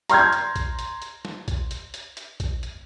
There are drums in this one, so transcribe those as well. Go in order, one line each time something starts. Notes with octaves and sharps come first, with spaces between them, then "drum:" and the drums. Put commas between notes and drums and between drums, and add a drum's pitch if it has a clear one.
A#5 C6 F6 G6 G#6, drum: hi-hat
drum: hi-hat
drum: kick A#1, hi-hat
drum: hi-hat
drum: hi-hat
drum: snare
drum: kick A#1, hi-hat
drum: hi-hat
drum: hi-hat
drum: hi-hat
drum: kick A#1, hi-hat
drum: hi-hat